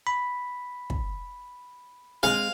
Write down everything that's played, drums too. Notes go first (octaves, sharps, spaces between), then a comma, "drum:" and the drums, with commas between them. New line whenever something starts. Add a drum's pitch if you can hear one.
B5
drum: kick
G#3 C4 G#4 F5